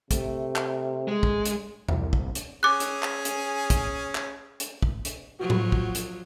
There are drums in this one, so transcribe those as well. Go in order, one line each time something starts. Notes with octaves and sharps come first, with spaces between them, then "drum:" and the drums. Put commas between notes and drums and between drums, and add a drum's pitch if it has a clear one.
C3 A3, drum: kick, hi-hat
drum: clap
G#3
drum: kick
drum: hi-hat
C2, drum: tom E2
drum: kick
drum: hi-hat
C#4 G#4 D6 F#6
drum: hi-hat
drum: clap
drum: hi-hat
drum: kick, hi-hat
drum: clap
drum: hi-hat
drum: kick
drum: hi-hat
F3 F#3 F4 F#4
drum: tom A2
drum: kick
drum: hi-hat